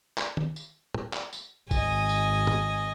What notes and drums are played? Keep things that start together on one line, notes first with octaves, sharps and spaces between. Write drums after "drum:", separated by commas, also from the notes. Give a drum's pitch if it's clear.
drum: clap
drum: tom
drum: tambourine
drum: tom
drum: clap
drum: tambourine
G#1 D#5 G#5, drum: kick A1, tambourine
drum: tambourine
drum: tom